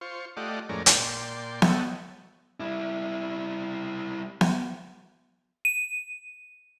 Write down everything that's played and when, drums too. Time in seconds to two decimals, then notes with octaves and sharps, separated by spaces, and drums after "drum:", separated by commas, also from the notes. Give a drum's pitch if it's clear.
0.01 F4 C5 C#6
0.37 A3 F4 G4 D5 D#5 F#5
0.69 F2 A2 G#3 C#4 A#4 D5
0.86 A#2 D5 G5 C6, drum: hi-hat
1.62 A4 C#5 D#5 E5 F#5 G5, drum: snare B3
2.60 G3 E4
4.41 drum: snare B3
5.65 D#7